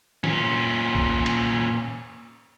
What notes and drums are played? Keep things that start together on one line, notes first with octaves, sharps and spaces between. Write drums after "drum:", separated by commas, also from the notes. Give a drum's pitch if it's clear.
A#2 C#4, drum: snare
drum: kick B1
drum: cymbal